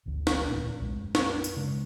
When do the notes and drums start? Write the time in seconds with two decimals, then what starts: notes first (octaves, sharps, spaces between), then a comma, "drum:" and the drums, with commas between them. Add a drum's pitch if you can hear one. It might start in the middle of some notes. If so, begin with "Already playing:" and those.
0.06 G1 D2 D3 E3
0.27 drum: snare
0.49 E1 A#2 A3 C#4
0.80 B1 A#2 E3 G#3
1.00 F#2
1.15 drum: snare
1.44 drum: tambourine
1.56 C#3 G#3 D4